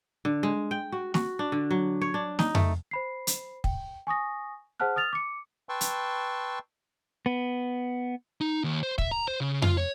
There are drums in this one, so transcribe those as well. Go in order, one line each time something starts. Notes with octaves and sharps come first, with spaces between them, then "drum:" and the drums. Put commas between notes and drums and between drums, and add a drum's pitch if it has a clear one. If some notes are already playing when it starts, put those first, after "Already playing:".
D3
G#3
G5
F#4
F#4, drum: snare
D4
D3
F#3
C#5
D4
D#4, drum: snare
A3, drum: tom F2
C5 B5 C7
drum: hi-hat
G5, drum: kick
G#5 C#6 D#6 A#6
G#4 C5 F#5 A5 F6 F#6
D#6 F6 A6 F7
D6 C#7
B4 G5 A5 C6 C#6 E6
drum: hi-hat
B3
D#4
D#2
C5
E5, drum: kick
A#5
C5
C#3
F4, drum: tom F2
C#5